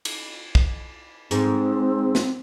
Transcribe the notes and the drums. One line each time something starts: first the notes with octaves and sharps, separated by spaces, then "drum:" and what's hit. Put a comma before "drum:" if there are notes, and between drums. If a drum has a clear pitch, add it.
drum: cymbal
drum: kick
G#2 C4, drum: hi-hat
drum: snare